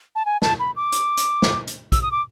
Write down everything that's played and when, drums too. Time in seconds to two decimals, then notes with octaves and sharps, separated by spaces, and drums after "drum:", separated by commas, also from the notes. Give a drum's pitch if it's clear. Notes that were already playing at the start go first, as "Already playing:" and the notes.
0.15 A5
0.26 G#5
0.42 A5, drum: snare
0.59 B5
0.76 D6
0.92 drum: hi-hat
1.17 drum: hi-hat
1.42 drum: snare
1.67 drum: hi-hat
1.92 E6, drum: kick, hi-hat
2.02 D#6
2.12 D6